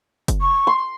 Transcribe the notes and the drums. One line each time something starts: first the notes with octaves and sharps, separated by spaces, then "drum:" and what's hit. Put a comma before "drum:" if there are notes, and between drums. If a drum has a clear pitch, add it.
drum: kick F#1, hi-hat
C#6
C6